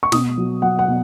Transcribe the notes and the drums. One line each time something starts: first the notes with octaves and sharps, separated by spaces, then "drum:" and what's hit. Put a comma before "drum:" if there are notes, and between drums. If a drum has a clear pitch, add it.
C#6
B2 D#6, drum: snare
F#3
F#3 F#5
F#5
B2